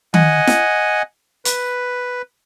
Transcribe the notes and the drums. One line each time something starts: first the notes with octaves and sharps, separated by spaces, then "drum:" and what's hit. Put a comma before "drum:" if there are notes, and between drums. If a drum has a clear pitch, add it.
D#5 F#5 G#5, drum: tom D#3
drum: snare
B4, drum: hi-hat